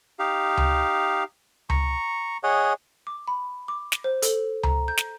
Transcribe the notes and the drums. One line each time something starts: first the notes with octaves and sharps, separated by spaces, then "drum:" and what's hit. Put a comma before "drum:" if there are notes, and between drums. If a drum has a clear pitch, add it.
D#4 G4 F5
drum: tom C#2
A#5 C#6, drum: tom C#2
G#4 C#5 D#5 F#5
D6
B5
D6
drum: snare
C5
A4, drum: hi-hat
A#5, drum: tom C#2
G6
drum: snare